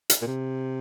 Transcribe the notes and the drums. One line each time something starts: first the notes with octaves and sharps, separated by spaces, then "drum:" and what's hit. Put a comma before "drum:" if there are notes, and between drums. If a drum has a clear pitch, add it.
drum: hi-hat
A#2
C3